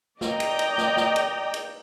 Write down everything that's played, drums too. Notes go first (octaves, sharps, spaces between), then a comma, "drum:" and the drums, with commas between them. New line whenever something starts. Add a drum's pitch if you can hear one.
D5 D#5 G5 A#5, drum: snare
drum: cymbal
drum: cymbal
drum: snare
drum: snare
drum: cymbal
drum: cymbal